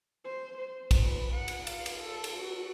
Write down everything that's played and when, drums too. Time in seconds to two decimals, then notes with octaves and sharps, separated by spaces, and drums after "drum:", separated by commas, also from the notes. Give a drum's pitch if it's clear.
0.25 C5
0.58 C5
0.91 drum: kick, cymbal
1.02 B4
1.34 F#5
1.48 drum: cymbal
1.67 F5, drum: cymbal
1.86 drum: cymbal
2.01 A4
2.24 drum: cymbal
2.38 F#4